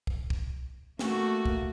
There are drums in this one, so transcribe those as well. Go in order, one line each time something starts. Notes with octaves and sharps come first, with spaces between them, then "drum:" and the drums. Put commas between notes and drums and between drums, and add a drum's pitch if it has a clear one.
drum: kick
drum: kick
A3 A#3 F#4, drum: snare
drum: kick